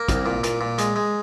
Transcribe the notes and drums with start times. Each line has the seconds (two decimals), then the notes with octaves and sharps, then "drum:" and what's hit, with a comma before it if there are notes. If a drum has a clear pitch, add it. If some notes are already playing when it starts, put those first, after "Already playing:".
Already playing: A#3
0.08 C2, drum: kick, hi-hat
0.26 A#2
0.43 A#2, drum: hi-hat
0.61 A#2
0.78 G#3, drum: hi-hat
0.96 G#3